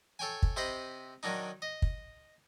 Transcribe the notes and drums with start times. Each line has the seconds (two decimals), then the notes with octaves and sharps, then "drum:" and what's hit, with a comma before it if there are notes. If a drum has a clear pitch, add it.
0.19 A4 C#5 G5 G#5
0.43 drum: kick
0.57 C3 C5 D#5 B5 C6
1.23 D#3 F#3 D4 D#4
1.62 D#5
1.82 drum: kick